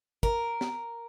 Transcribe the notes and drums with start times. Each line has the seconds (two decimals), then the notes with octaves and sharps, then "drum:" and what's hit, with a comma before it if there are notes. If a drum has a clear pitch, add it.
0.23 A#4, drum: kick
0.61 drum: snare